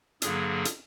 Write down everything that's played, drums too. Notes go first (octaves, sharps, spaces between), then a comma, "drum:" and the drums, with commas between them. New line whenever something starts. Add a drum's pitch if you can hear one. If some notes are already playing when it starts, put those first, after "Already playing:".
G2 D3 F#3 A#3 G#4, drum: hi-hat
drum: hi-hat